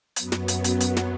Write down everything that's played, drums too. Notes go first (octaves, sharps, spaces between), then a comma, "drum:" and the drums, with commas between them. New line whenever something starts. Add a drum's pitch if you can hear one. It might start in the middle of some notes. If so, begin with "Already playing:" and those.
F#2 F#3 B3, drum: hi-hat
drum: snare
drum: hi-hat
drum: hi-hat
drum: hi-hat
drum: snare